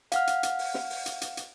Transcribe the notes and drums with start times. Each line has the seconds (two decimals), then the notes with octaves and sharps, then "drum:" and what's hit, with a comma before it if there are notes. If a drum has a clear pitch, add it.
0.12 F5 F#5 F6, drum: hi-hat
0.27 drum: hi-hat
0.43 drum: hi-hat
0.59 drum: open hi-hat
0.74 drum: snare
0.90 drum: open hi-hat
1.06 drum: hi-hat
1.21 drum: hi-hat
1.37 drum: hi-hat